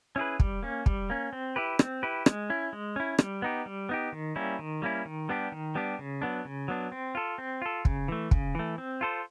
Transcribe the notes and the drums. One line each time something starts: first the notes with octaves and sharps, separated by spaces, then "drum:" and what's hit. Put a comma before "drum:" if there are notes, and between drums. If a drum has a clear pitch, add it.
C#4 E4 G#4 B4
G3, drum: kick
A#3 C#4
G3, drum: kick
A#3 C#4
C4
E4 G4 B4
C4, drum: rim click
E4 G4 B4
G#3, drum: rim click
C#4 E4
G#3
C#4 E4
G3, drum: rim click
B3 D#4 G4
G3
B3 D#4 G4
D#3
G3 A#3 C#4 E4
D#3
G3 A#3 C#4 E4
D#3
G3 B3 D4 G4
D#3
G3 B3 D4 G4
C#3
F#3 B3 D4
C#3
F#3 B3 D4
C4
F4 A4
C4
F4 A4
C#3, drum: kick
E3 A3
C#3, drum: kick
E3 A3
C4
F4 A4 C5